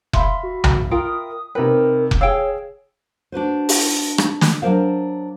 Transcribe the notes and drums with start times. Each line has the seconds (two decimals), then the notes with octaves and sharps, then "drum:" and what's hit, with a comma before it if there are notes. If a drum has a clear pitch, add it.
0.13 E5 F5 B5 C6, drum: kick F1
0.43 F#4
0.64 drum: tom B1
0.91 F4 A#4 G5 D#6
1.55 C3 D#4 A#4 B4 G5
2.11 drum: kick F1
2.21 G#4 C#5 F5 G5 E6
3.32 D4 F#4 B4 C5
3.69 drum: open hi-hat
4.18 drum: rim click
4.41 drum: snare
4.62 F#3 D4 A#4 C5 F5